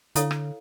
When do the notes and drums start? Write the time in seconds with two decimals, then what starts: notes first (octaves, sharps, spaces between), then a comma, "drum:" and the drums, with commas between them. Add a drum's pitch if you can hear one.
0.15 D3 E4 A4 C#5 F5, drum: hi-hat
0.31 drum: rim click